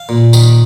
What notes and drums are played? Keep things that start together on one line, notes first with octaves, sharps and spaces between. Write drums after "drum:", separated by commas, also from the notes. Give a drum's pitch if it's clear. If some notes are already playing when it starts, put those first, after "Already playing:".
Already playing: F5
A#2
D#3, drum: tambourine